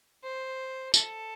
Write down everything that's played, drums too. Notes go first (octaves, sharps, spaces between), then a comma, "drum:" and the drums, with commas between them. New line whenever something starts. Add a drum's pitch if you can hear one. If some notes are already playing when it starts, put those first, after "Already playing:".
C5
A4, drum: tambourine